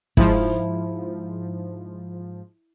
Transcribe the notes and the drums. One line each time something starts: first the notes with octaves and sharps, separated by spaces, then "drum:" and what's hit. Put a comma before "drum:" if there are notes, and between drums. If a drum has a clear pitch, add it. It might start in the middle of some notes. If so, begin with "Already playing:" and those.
G#2 F3 E4, drum: kick